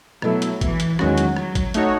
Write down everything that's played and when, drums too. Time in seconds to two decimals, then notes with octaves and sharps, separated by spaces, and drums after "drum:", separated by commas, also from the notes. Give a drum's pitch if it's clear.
0.22 B2 F#3 A3 E4 A4 E5, drum: rim click
0.42 drum: hi-hat
0.61 E3, drum: kick G#1, hi-hat
0.80 drum: hi-hat
0.99 E2 D#3 F#3 G#3 C#4 F#4, drum: rim click
1.18 drum: hi-hat
1.37 F#3, drum: rim click
1.55 drum: kick G#1, hi-hat
1.74 A3 D#4 F#4 C#5, drum: hi-hat